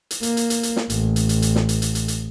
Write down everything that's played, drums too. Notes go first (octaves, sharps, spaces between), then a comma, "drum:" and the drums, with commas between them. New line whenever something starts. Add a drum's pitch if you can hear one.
drum: hi-hat
A#3, drum: hi-hat
drum: hi-hat
drum: hi-hat
drum: hi-hat
drum: snare
A1, drum: hi-hat
drum: hi-hat
drum: hi-hat
drum: hi-hat
drum: snare
drum: hi-hat
drum: hi-hat
drum: hi-hat
drum: hi-hat